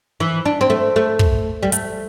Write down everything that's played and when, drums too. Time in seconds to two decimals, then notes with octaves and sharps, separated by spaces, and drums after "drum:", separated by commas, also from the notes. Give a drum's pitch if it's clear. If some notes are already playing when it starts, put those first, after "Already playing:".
0.20 E3
0.45 D4
0.61 C4
0.70 A3
0.96 A3
1.19 drum: kick
1.63 G3
1.72 A3, drum: hi-hat